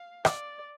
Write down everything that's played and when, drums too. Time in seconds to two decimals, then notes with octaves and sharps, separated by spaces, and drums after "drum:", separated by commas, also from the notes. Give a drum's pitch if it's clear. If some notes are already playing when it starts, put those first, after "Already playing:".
Already playing: F5
0.25 D5, drum: rim click